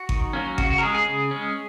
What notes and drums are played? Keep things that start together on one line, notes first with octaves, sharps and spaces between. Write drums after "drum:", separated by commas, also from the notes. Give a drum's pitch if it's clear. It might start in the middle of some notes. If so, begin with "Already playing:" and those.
Already playing: F#4
D#3, drum: kick G#1
F#3 A#3 C#4
C#3 F#4, drum: kick G#1
F#4
A#4
G#3 C#4 G#4
G#4
C#3
G#3 C#4